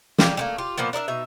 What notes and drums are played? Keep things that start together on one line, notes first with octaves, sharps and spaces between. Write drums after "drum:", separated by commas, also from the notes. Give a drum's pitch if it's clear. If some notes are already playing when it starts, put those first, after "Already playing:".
G3 A#3, drum: snare
G3 A3 A#3
F4 G4
A#2 F3 A#3 B3
D4 A#4 D#5 E5
B2 D#4 E5